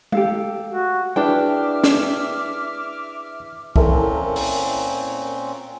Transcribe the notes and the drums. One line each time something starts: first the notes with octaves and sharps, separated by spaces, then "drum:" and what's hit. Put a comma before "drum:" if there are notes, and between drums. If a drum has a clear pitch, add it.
G4 A4 F5, drum: tom G#3
F#4
D4 E4 G#4 B4 E5 G5 D6 F6
drum: snare
A#2 C4 C#4 E4 A4 A#4, drum: kick
drum: open hi-hat